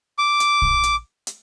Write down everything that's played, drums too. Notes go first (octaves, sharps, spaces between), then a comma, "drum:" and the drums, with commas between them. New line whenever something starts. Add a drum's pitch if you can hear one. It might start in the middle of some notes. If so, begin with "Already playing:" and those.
D6
drum: hi-hat
drum: kick A#1
drum: hi-hat
drum: hi-hat